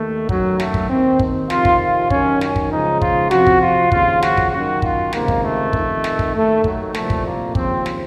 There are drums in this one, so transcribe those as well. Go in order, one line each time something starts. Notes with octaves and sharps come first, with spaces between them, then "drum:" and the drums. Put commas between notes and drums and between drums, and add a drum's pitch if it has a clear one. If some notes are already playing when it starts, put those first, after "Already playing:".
Already playing: D#2 D#3 A3
F#2 D#3 F#3, drum: kick
A3, drum: snare
drum: kick
D#2 D#3 C4
drum: kick
F2 C3 D#3 F4, drum: snare
drum: kick
F4
F#2 D#3 C#4, drum: kick
C#4, drum: snare
drum: kick
C#2 C#3 F3 D#4
F4, drum: kick
F2 C3 F3 F#4, drum: snare
drum: kick
F4
D#2 C#3 F3 F4, drum: kick
F#4, drum: snare
drum: kick
F#2 D#3 F#4
F4, drum: kick
C#2 C3 D#3 A#3, drum: snare
drum: kick
A3
F2 D#3, drum: kick
drum: snare
drum: kick
D#2 D#3 A3
F#3, drum: kick
C2 A#2 F3 A3, drum: snare
drum: kick
A#3
D#2 C#3 F3 C4, drum: kick
drum: snare